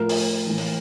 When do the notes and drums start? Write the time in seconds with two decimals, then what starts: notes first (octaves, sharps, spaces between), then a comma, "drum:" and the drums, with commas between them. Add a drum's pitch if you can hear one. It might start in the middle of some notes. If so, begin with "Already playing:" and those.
Already playing: A2 F3 A#4
0.09 drum: open hi-hat
0.47 A2 E3
0.58 drum: open hi-hat